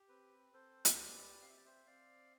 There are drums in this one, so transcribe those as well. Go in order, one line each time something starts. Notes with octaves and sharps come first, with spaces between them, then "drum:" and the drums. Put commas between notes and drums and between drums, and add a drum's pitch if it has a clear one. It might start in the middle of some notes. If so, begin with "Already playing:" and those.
Already playing: G4
C4 B4
C4 A4 C5
drum: hi-hat
G4 B4 D5
C4 F5
E5
D5
C5 E5
C4 D5 F5